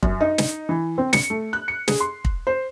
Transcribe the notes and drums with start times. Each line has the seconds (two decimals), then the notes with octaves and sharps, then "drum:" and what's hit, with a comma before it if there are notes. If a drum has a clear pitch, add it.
0.03 F#2, drum: kick
0.21 D#4
0.38 drum: snare
0.69 E3
0.98 C4
1.13 C#7, drum: snare
1.30 A3
1.53 F#6
1.68 C#7
1.88 G#4, drum: snare
2.00 C6
2.25 drum: kick
2.47 C5